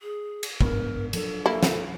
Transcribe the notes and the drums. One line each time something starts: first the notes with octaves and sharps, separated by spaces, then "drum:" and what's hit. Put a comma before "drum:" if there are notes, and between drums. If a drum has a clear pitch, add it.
G#4
drum: cymbal
G#2 B3 D4 A#4, drum: kick
F3 F#3 D4 A4, drum: cymbal
A#3 E4 A4
drum: snare